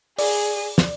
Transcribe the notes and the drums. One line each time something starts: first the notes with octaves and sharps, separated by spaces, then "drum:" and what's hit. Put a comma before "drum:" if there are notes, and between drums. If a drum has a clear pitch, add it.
G#4 D5, drum: open hi-hat
drum: snare